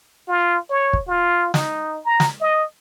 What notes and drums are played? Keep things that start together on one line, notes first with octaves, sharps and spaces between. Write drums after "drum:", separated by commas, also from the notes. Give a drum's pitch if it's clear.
F4
C#5
drum: kick
F4
D#4, drum: snare
A#5
drum: snare
D#5